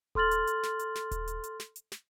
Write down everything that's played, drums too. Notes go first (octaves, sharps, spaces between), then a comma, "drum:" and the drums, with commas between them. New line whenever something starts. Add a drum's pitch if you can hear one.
A4 C6 F6 A6 F#7, drum: kick D#1
drum: hi-hat
drum: hi-hat
drum: snare
drum: hi-hat
drum: snare
drum: kick D#1, hi-hat
drum: hi-hat
drum: hi-hat
drum: snare
drum: hi-hat
drum: snare